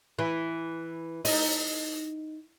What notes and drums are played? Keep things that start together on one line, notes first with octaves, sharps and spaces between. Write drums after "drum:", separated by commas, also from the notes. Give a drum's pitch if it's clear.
E3
D#4, drum: open hi-hat